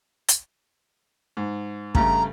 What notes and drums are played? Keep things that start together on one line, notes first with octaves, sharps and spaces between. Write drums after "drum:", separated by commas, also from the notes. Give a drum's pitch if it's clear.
drum: hi-hat
G#2
G2 C#3 A3 A#5, drum: kick